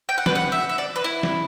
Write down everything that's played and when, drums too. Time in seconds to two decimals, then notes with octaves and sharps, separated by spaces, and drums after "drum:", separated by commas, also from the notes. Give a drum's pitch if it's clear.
0.09 G5
0.18 F#5
0.26 B4, drum: snare
0.35 F#5
0.52 E5
0.69 E5
0.78 D5
0.96 B4
1.04 E4
1.23 drum: snare